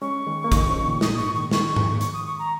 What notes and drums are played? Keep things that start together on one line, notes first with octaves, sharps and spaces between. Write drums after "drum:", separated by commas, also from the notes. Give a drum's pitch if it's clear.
G#3 C#4 C#6
D#3 G#3
A#3
D#3 G#3, drum: kick, hi-hat
C#3 F3
A#2 D#3
A#2 D#6, drum: snare
G#2 C#6
A#2 D#3 C#6
D#3 G#3 C#6, drum: snare
drum: tom G#2
C#6, drum: hi-hat
D#6
C#6
A#5